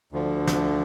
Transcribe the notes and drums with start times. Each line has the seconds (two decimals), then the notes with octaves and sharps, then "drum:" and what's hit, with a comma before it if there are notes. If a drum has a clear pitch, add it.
0.12 D2 D3 F3
0.47 drum: snare